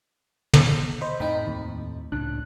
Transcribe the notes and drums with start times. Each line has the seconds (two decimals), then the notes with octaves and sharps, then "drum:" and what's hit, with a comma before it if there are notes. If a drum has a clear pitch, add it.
0.53 drum: tom
1.01 C5 D#5 B5
1.20 F2 A2 F3 D#4 G5 B5
1.47 D#2
2.12 C#2 A2 D4 F#6